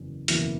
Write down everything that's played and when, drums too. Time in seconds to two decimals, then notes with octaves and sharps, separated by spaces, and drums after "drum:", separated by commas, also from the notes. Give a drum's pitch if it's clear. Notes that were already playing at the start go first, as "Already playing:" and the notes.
Already playing: F#1 E2
0.28 F#1 E2 B2 A#3 E4, drum: hi-hat